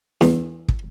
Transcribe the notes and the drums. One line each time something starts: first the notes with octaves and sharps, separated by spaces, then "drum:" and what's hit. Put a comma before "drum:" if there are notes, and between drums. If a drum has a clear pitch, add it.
E2, drum: snare
drum: kick